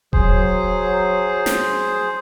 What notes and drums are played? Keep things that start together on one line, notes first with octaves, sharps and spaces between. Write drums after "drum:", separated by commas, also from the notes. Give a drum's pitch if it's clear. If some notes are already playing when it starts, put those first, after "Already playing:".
F#3 G#4 C5, drum: kick D#1
drum: snare